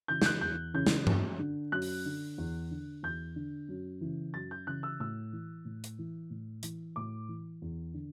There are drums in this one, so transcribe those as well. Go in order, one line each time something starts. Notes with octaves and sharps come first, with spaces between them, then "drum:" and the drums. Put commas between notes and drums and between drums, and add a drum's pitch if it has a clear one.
C#3 E3 G6
G6, drum: snare
F#6
E2 G6
C#3 E3 G6
drum: snare
F#2, drum: tom G2
D3
F#2 F#6
drum: open hi-hat
D3
E2
D3
E2 G6
D3
F#2
C#3 E3
F#2 A6
G6
C#3 E3 F#6
E6
A2 E6
E3
A2
drum: hi-hat
E3
A2
E3, drum: hi-hat
A2 D6
E3
E2
D3